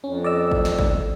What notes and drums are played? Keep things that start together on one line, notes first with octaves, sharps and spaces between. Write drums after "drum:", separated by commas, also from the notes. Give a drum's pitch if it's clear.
F2 C#4
D5 D#5 E6
drum: kick
drum: snare
drum: kick